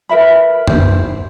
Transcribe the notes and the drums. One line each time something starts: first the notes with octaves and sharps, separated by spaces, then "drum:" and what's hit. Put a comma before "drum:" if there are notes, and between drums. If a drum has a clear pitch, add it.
A#4 B4 E5 B5
C5, drum: tom